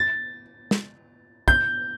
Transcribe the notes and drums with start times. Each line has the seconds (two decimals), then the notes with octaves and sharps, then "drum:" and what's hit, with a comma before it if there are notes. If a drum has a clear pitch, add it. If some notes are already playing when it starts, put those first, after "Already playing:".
Already playing: A6
0.71 drum: snare
1.48 G6, drum: kick